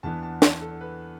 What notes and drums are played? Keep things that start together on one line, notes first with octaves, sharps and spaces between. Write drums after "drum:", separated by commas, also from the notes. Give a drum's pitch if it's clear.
E2 E3 B3 D4 A5
A5
A5, drum: snare
A4
B4